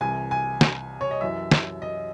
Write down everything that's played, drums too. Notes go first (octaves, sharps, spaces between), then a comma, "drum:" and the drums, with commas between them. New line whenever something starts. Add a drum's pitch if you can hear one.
C2 C3 E3 G#5
G#5
drum: snare
C#5
D#5
F#2 E3 E5
drum: snare
D#5